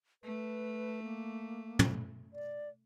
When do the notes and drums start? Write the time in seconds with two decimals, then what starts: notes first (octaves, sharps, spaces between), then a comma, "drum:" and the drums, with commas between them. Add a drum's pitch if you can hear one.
0.23 A3 B4
1.03 A#3
1.79 drum: tom
2.33 D5